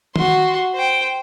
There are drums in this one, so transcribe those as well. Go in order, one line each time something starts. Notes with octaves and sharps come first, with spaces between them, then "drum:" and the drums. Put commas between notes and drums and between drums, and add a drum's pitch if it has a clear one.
F#4 C6, drum: tom D#3
C5 G5